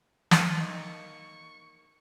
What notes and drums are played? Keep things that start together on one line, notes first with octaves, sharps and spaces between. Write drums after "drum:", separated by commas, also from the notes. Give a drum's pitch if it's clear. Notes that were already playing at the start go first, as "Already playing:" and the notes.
drum: snare
A#3 D#4 C#6